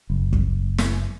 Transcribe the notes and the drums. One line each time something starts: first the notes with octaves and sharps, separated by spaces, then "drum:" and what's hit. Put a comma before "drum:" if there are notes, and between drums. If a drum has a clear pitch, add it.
F#1
drum: kick
drum: snare